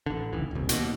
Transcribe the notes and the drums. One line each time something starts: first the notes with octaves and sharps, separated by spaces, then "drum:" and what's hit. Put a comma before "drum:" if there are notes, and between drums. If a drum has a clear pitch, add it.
A1 D3
F1 C#2 E3
D#1 C2
D#2 B2, drum: hi-hat